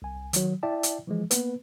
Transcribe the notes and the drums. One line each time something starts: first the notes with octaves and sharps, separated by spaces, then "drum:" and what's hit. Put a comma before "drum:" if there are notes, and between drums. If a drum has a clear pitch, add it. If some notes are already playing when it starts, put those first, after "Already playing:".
C2 G#5
D#3 F#3, drum: hi-hat
E4 D5 E5 G5 A5
drum: hi-hat
E3 F3 G#3
A#3 B3 B4, drum: hi-hat